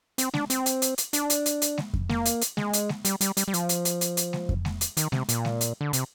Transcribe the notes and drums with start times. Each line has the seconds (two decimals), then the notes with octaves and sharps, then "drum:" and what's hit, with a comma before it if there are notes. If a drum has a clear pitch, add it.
0.18 C4, drum: hi-hat
0.34 D4, drum: snare G#3
0.50 C4, drum: hi-hat
0.66 drum: hi-hat
0.82 drum: hi-hat
0.98 drum: hi-hat
1.13 D4, drum: hi-hat
1.30 drum: hi-hat
1.46 drum: hi-hat
1.62 drum: hi-hat
1.78 drum: snare G#3
1.93 drum: kick F2
2.09 A#3, drum: snare G#3
2.25 drum: hi-hat
2.41 drum: hi-hat
2.57 G#3, drum: snare G#3
2.73 drum: hi-hat
2.89 drum: snare G#3
3.05 G3, drum: hi-hat
3.21 G3, drum: hi-hat
3.37 G3, drum: hi-hat
3.48 G3
3.54 F3, drum: hi-hat
3.69 drum: hi-hat
3.85 drum: hi-hat
4.01 drum: hi-hat
4.17 drum: hi-hat
4.33 drum: snare G#3
4.49 drum: kick F2
4.65 drum: snare G#3
4.81 drum: hi-hat
4.97 D#3, drum: hi-hat
5.12 C3, drum: snare G#3
5.29 A#2, drum: hi-hat
5.45 drum: snare G#3
5.61 drum: hi-hat
5.81 D3
5.93 C3, drum: hi-hat